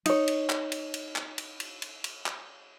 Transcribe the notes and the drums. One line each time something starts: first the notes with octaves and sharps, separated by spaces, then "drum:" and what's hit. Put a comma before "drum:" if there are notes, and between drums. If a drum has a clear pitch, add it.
D#4 C#5, drum: cymbal
drum: cymbal
drum: clap
drum: cymbal
drum: cymbal
drum: clap
drum: cymbal
drum: cymbal
drum: cymbal
drum: cymbal
drum: clap